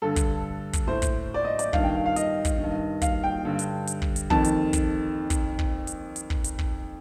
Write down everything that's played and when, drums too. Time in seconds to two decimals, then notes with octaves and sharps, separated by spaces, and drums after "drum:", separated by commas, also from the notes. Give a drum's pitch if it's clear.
0.02 G2 D3 A4
0.16 drum: kick, hi-hat
0.73 drum: kick, hi-hat
0.87 A2 C5
1.02 drum: kick, hi-hat
1.34 D5
1.45 D#5
1.59 D5, drum: hi-hat
1.73 G2 D#3 F5, drum: kick
1.84 G5
1.95 F5
2.06 F5
2.16 D#5, drum: hi-hat
2.45 drum: kick, hi-hat
2.59 G2 D#3
3.02 F5, drum: kick, hi-hat
3.24 G5
3.45 G2 D3
3.59 drum: hi-hat
3.87 drum: hi-hat
4.02 drum: kick
4.16 drum: hi-hat
4.30 F2 D#3 A5, drum: kick
4.44 drum: hi-hat
4.73 drum: kick, hi-hat
5.30 drum: kick, hi-hat
5.59 drum: kick
5.87 drum: hi-hat
6.16 drum: hi-hat
6.30 drum: kick
6.44 drum: hi-hat
6.59 drum: kick